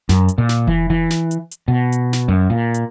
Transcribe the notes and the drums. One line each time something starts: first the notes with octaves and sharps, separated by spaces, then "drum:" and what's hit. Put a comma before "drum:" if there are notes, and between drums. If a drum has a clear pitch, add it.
F#2, drum: snare
drum: hi-hat
A#2
drum: snare
E3, drum: kick F1
E3
drum: snare
drum: hi-hat
drum: hi-hat
B2
drum: hi-hat
drum: snare
F#2
A#2
drum: hi-hat